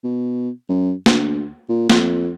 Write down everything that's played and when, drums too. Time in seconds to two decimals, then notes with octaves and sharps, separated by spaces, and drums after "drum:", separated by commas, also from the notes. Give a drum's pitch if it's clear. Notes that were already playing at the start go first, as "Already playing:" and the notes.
0.03 B2
0.69 F#2
1.06 D2, drum: snare A#3
1.69 A#2
1.90 F2, drum: snare A#3